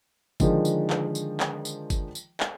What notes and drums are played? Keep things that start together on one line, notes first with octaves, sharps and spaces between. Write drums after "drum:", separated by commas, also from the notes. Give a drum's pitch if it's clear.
D3 D#3 F3 G#3, drum: kick G1, tambourine
drum: tambourine
drum: clap
drum: tambourine
drum: clap
drum: tambourine
drum: kick G1, tambourine
drum: tambourine
drum: clap